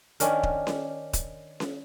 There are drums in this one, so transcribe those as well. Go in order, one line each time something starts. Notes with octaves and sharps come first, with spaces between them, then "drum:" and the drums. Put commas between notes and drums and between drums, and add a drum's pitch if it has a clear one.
D#3 C#4 D4 A#4, drum: hi-hat
drum: kick D#1
drum: snare C#4
drum: kick D#1, hi-hat
drum: snare C#4